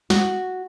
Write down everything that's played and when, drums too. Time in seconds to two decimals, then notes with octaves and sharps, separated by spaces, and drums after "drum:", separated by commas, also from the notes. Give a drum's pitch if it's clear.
0.10 F#4, drum: snare